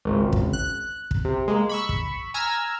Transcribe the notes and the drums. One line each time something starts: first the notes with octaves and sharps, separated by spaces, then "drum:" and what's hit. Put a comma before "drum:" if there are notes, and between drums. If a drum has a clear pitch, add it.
G#1 C#2
drum: kick
F#6
drum: kick
C3
G#3 A#3
B5 C#6 E6
drum: kick
G#5 A#5 E6 F6 G#6